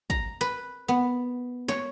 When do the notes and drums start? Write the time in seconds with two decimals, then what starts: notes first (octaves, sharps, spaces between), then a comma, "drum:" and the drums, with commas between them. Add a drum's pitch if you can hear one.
0.10 A#5, drum: kick
0.41 B4
0.88 B3
1.68 C#5, drum: snare